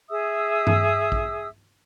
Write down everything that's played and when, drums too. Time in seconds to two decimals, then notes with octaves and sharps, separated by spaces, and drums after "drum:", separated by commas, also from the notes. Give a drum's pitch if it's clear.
0.10 G#4 E5 D#6 E6
0.67 drum: tom G2
1.12 drum: kick A#1